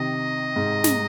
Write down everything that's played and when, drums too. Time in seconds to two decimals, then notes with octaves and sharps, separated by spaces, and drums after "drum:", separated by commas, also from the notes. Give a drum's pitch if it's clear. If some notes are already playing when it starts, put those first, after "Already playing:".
Already playing: C3 D#3 D#5
0.56 G#2
0.84 drum: snare